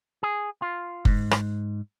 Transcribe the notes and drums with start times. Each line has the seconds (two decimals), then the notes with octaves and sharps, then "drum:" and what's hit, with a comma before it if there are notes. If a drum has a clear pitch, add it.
0.23 G#4
0.62 F4
1.05 G#2, drum: kick F#1
1.31 drum: rim click